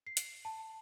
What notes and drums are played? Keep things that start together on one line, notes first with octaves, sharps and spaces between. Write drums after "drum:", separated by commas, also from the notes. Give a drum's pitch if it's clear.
C7
drum: hi-hat
A5